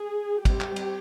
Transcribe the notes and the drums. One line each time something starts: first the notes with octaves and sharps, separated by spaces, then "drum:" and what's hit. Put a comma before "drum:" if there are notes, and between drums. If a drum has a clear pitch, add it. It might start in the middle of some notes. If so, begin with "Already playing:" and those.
Already playing: G#4
G3 C4 G4, drum: kick, cymbal
drum: clap
drum: cymbal